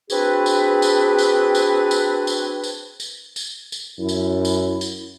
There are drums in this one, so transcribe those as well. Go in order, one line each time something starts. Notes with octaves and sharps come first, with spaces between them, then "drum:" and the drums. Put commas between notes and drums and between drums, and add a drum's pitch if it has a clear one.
C4 D4 F#4 G#4 B4, drum: tambourine
drum: tambourine
drum: tambourine
drum: tambourine
drum: tambourine
drum: tambourine
drum: tambourine
drum: tambourine
drum: tambourine
drum: tambourine
drum: tambourine
F#2 E4
drum: tambourine
drum: tambourine
drum: tambourine